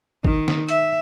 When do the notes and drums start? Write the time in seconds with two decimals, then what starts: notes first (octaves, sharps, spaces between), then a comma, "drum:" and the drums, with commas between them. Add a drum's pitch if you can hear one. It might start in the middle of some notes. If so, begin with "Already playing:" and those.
0.24 D#3, drum: kick
0.48 drum: snare
0.69 E5, drum: hi-hat